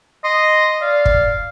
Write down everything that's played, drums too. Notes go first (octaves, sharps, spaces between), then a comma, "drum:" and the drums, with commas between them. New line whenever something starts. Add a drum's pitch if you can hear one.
D#5 C6
D5 F5
drum: kick